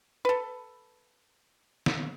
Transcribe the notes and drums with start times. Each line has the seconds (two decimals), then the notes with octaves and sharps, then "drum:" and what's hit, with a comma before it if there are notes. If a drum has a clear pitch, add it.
0.25 A4 B4
1.86 drum: snare